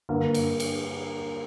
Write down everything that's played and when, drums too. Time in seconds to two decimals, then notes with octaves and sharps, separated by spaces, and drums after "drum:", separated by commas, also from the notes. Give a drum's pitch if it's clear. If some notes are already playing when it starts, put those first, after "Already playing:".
0.09 G2 D3 A#3
0.35 drum: cymbal
0.60 drum: cymbal